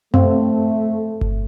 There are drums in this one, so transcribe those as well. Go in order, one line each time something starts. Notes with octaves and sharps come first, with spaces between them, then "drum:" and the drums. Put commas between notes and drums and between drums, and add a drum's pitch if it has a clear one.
A3 C4, drum: tom F#2
drum: kick G1